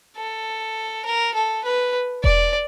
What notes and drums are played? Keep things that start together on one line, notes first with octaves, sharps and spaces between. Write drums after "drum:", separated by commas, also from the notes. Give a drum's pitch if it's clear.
A4
A#4
A4
B4
D5, drum: kick E1